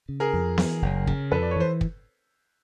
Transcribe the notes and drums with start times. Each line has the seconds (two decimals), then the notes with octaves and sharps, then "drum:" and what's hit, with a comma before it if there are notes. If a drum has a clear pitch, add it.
0.09 C#3
0.20 G#4 A#4
0.33 F2
0.58 E3, drum: snare B3
0.82 F#1
1.07 C#3, drum: kick
1.31 F2 A4 B4
1.42 D5
1.51 C#5
1.56 E3 C5
1.81 drum: kick